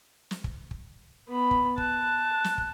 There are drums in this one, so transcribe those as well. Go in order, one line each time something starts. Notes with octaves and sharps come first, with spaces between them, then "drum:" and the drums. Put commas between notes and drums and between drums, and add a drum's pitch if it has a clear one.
drum: snare
drum: kick
drum: kick
B3 B5
drum: kick
A5 F#6, drum: kick
drum: snare
drum: kick